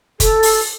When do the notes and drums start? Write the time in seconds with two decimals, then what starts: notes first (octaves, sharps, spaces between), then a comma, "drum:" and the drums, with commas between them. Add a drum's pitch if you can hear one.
0.20 A4, drum: kick, hi-hat
0.43 drum: open hi-hat